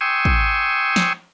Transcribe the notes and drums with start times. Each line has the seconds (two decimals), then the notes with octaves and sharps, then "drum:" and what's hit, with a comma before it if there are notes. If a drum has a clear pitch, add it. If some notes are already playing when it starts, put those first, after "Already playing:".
0.01 G5 G#5 C6 C#6 D#6 E6
0.25 drum: kick
0.96 drum: snare